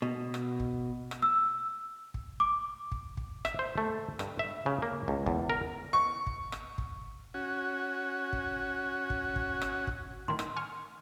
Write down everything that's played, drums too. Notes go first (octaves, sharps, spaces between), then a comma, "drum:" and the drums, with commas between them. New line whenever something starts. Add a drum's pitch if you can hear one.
B2
drum: rim click
drum: kick
drum: rim click
E6
drum: kick
D6
drum: kick
drum: kick
E5, drum: rim click
C5
A3
G2, drum: rim click
E5
C#3
A#3
C#2
E2, drum: kick
A#4
C#6
drum: kick
drum: rim click
drum: kick
C#4 F#4
drum: kick
drum: kick
drum: kick
drum: rim click
drum: kick
A2 D#3 C6
drum: rim click
G#5 C#6 F6